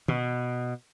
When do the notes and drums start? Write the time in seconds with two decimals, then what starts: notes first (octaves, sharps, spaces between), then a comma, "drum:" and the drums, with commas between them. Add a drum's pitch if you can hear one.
0.08 B2, drum: tom